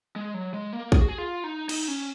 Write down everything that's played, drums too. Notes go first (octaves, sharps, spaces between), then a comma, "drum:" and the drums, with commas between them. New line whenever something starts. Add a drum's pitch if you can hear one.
G#3
F#3
G#3
A#3
G#4, drum: kick
F#4
G#4
F4
D#4
D#4, drum: cymbal
C#4